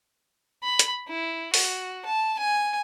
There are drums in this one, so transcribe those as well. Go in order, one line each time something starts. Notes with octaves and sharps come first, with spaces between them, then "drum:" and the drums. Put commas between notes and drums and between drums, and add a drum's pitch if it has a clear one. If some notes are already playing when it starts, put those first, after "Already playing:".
B5
drum: hi-hat
E4
F#4, drum: open hi-hat
A5
G#5